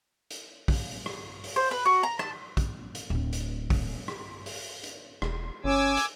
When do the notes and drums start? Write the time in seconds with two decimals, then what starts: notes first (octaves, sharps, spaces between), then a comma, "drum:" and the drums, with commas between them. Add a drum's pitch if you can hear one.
0.30 drum: hi-hat
0.68 drum: kick, open hi-hat
1.06 drum: rim click
1.44 drum: open hi-hat
1.56 C5
1.71 B4
1.85 F#4
2.03 A#5
2.19 A5, drum: rim click
2.57 drum: kick, hi-hat
2.95 drum: hi-hat
3.10 D1 C4
3.33 drum: hi-hat
3.70 drum: kick, open hi-hat
4.08 drum: rim click
4.46 drum: open hi-hat
4.84 drum: hi-hat
5.22 E1, drum: rim click
5.64 G1 C#4 G#5 D6 E6
5.97 drum: hi-hat